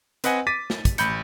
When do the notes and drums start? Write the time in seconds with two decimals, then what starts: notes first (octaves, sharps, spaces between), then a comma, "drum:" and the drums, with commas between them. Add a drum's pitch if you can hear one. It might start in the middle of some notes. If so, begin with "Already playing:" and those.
0.24 C4 B4 D#5 F#5 G#5, drum: hi-hat
0.47 D6 A6 B6 D#7
0.70 drum: snare
0.85 drum: kick, hi-hat
0.98 A1 B5 G6 C#7, drum: hi-hat